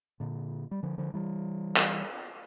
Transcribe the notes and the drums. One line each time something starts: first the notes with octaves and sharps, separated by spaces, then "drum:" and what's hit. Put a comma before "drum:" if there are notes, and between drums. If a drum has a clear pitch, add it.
A#2 D3
G3
D3 F3
D3 F3
E3 G3
drum: clap